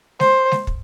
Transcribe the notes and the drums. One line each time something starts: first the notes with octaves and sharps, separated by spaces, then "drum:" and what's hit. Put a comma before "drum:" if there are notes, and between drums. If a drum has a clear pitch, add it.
C5, drum: snare G#3
drum: snare G#3
drum: kick